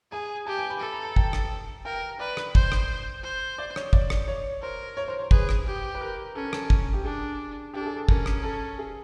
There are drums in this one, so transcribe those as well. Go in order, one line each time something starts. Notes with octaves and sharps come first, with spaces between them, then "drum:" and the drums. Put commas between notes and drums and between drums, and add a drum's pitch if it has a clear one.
G#4 G#5
G4 A5
G#5
B5
A4 B5
A#5
A5
G5, drum: kick
drum: rim click
A#4 G5
B4 D5
drum: rim click
C5, drum: kick
drum: rim click
C5
D5
C#5, drum: rim click
D5, drum: kick
drum: rim click
C#5
A#4 C5
C#5
C5
C5
G#4 B4, drum: kick
drum: rim click
G4
B4
A#4
C#4 A4
A#4
A4, drum: rim click
drum: kick
G4
D4 G#4
D4 G4
A4
G#4
A4
C#4 A#4, drum: kick
drum: rim click
A4
G#4